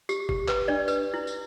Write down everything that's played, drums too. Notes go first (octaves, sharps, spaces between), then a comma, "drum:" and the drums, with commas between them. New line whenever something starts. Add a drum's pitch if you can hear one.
G4, drum: tambourine
G4, drum: kick F1
B4, drum: clap
D4 D5
B4, drum: tambourine
E4
drum: tambourine